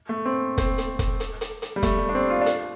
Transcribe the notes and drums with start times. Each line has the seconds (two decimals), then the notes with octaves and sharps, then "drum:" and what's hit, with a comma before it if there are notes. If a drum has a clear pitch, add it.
0.09 A3
0.25 C4
0.58 C4, drum: kick, hi-hat
0.78 drum: hi-hat
0.99 drum: kick, hi-hat
1.20 drum: hi-hat
1.41 drum: hi-hat
1.62 drum: hi-hat
1.76 G3
1.83 A3, drum: kick, hi-hat
1.99 G3
2.09 D4
2.15 C4
2.30 F4
2.42 D4
2.46 F4, drum: hi-hat